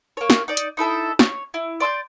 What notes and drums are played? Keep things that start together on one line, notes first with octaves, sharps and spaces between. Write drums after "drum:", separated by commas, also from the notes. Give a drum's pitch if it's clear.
A#3 C#5
drum: snare
D#4 D5
drum: hi-hat
D#4 E4 A4 E5
C#5, drum: snare
E4
D5 C6 E6 G6